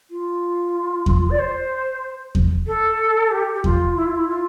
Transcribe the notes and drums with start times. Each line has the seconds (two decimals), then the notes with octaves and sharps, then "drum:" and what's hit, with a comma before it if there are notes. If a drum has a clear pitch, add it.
0.10 F4
1.06 drum: kick E2
1.30 D5
1.39 C5
2.35 drum: kick E2
2.66 A4
3.31 G4
3.54 G4
3.64 F4, drum: kick E2
3.96 E4
4.06 F4
4.15 E4
4.28 F4